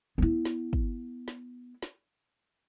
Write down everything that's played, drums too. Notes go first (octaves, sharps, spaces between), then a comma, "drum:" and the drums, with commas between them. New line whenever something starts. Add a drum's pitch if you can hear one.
B3 E4
drum: snare
drum: kick
drum: snare
drum: snare